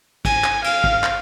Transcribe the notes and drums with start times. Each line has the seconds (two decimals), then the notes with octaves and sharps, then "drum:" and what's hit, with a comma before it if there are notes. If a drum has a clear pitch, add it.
0.25 G#5, drum: kick, cymbal
0.44 drum: clap
0.64 F5, drum: cymbal
0.84 drum: kick
1.04 drum: clap